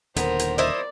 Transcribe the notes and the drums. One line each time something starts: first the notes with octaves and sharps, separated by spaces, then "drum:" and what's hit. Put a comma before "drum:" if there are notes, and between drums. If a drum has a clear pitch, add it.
D#1 D#2 D3 B3 A#4 C5, drum: hi-hat
drum: hi-hat
E4 C5 D5 D#5